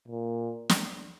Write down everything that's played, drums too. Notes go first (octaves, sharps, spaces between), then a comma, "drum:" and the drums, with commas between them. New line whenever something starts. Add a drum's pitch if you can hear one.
A#2
drum: snare